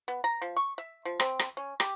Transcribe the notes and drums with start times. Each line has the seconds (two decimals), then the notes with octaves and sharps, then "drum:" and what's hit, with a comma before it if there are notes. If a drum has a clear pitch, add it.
0.08 B3
0.24 A#5
0.41 F3
0.56 C#6
0.78 E5
1.05 F3
1.20 C4, drum: rim click
1.39 drum: rim click
1.57 C#4
1.80 G4, drum: rim click